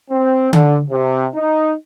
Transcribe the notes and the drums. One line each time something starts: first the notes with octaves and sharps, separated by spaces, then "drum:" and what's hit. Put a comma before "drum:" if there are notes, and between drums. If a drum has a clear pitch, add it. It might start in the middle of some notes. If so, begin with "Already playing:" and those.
C4
D3, drum: tom D3
C3
D#4